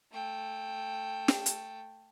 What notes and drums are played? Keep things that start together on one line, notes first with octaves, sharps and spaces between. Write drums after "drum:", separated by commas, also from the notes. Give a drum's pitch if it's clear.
A3 G5
drum: snare
drum: hi-hat